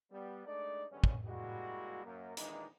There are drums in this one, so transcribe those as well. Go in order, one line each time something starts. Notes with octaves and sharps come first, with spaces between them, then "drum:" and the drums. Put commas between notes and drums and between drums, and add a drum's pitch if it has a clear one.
G3 B3
G#3 A3 D4 D#4 D5
F#2 D3 G3 G#3 B3 C#4
drum: kick
G3 G#3 A#3 E4 F#4
F#2 A#3
A#2 D#3 E3 G#3 D4 D#4, drum: hi-hat